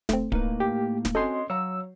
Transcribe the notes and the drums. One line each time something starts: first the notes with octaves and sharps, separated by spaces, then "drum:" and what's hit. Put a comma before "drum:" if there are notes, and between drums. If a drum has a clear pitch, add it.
A3 C4, drum: snare
A2 A#3 D#4 B4, drum: kick D1
G4
drum: snare
C4 C#4 F#4 A4 D#5 C6 G6
F#3 C#5 F5 A#5 E6